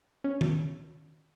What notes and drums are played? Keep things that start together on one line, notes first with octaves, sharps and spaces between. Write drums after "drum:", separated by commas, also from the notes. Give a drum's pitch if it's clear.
C#4
drum: tom D#3